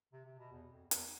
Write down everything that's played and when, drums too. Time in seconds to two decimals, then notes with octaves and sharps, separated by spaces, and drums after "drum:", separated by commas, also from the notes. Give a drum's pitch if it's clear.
0.13 C3
0.25 C3
0.39 B2
0.51 E2
0.72 F2
0.91 E2, drum: hi-hat